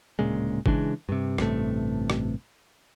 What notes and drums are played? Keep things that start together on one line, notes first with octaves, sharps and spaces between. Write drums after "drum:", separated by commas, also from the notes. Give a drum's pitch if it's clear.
D1 A#2 C#3 G#3
C#3 E3 G#3 D4, drum: kick
G2 C3
A1 G2 C3 A3, drum: rim click
drum: rim click